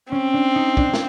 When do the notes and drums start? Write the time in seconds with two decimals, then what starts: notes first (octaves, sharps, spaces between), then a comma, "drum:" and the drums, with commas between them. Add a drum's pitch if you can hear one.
0.12 C4 C#4
0.34 D4
0.55 D#4
0.77 D4, drum: kick
0.94 drum: snare